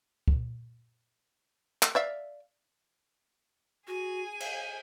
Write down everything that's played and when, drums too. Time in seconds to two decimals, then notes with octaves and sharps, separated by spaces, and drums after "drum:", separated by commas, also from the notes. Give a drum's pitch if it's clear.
0.28 drum: kick
1.82 drum: clap
1.95 D5 E5 F5
3.87 F#4 G#4 G#5
4.40 F5, drum: cymbal